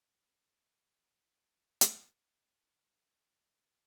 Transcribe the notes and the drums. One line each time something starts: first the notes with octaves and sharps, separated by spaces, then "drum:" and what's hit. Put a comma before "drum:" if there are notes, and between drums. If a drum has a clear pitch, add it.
F3 F#3 A3 A#3 D4 D5
drum: hi-hat
D4 D#4 A#4 D5 B5